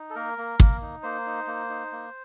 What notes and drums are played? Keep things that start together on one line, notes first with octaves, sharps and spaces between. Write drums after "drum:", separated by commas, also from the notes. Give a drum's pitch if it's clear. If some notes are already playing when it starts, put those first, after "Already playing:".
Already playing: D#4
A4
A#3 A#4
A#3
A#3, drum: kick
D#4
A#3 C5
D#4
A#3
D#4
A#3